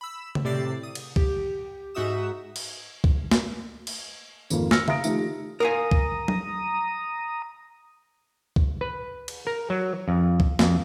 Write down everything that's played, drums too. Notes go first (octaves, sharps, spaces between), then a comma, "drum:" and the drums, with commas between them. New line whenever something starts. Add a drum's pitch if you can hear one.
B5 E6
drum: tom C#3
A2 C3 D5 E6 A6 C7
D#6
drum: cymbal
G4, drum: kick
G#2 D#4 F#4 E5 D#6 E7
drum: cymbal
drum: kick
drum: snare
drum: cymbal
G#1 F2 F3 A#3, drum: tambourine
E6 F6 A#6 C#7, drum: snare
E5 F5 A#5 D#6 A#6 D7, drum: tom C#3
D#3 F3 A3 D#4 G4, drum: tambourine
A#4 F5 G#5 A#5 D#6
drum: kick
drum: tom F#3
drum: kick
B4
drum: cymbal
A#4
F#3
F2
drum: kick
F2, drum: snare